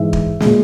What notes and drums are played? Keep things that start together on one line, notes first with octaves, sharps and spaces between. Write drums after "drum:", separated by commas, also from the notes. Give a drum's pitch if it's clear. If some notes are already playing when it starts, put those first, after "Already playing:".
Already playing: G#2 E3 G#3 E5
drum: kick
A#2 G#3, drum: snare